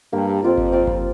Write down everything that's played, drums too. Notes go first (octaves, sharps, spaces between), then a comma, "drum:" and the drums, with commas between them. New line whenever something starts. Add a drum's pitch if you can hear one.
G2 A#3 D4 G4
F2 C4 F4 D5
drum: kick G1
C4 F4 D5
drum: kick G1